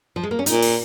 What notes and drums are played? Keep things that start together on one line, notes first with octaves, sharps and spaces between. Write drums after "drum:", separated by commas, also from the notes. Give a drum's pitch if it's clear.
F3
G#3
A#3
C#4
A#2 D#4, drum: hi-hat
drum: open hi-hat